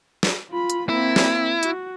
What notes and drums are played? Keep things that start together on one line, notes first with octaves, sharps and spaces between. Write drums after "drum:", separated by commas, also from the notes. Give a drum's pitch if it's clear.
drum: snare
F4 B5
drum: hi-hat
A#3 C4 E4
drum: snare
F#4, drum: hi-hat